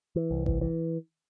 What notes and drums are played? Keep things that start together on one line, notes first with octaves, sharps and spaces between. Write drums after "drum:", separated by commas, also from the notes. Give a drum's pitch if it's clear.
E3
C2
E3, drum: kick G#1
E3